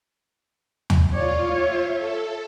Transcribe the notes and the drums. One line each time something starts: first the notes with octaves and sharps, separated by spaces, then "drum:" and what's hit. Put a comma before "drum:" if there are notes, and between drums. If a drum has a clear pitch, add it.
drum: tom
F4 C#5 D5
E5
A4